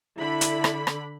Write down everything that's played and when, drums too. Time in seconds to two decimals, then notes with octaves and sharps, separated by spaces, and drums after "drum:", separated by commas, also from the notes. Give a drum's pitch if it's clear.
0.18 D3 E4 B5
0.41 drum: hi-hat
0.64 drum: rim click
0.87 drum: rim click